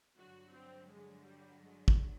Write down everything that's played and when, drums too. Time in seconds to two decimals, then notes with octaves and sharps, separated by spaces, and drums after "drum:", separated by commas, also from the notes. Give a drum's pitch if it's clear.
0.16 G2 D3 F#3 F#4
0.52 C4
0.88 G#3
1.23 G3
1.59 G#3
1.88 drum: kick